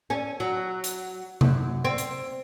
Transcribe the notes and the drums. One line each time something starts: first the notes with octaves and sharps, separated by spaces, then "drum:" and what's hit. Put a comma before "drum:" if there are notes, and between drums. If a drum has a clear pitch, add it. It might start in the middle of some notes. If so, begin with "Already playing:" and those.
C#4
F#3
drum: hi-hat
F#2, drum: tom C3
C4
drum: hi-hat